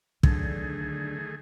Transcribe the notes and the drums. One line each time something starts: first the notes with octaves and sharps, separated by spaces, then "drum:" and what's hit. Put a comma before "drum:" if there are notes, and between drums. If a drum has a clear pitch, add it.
D3 D#3 F#3 A3 B3 G#4, drum: kick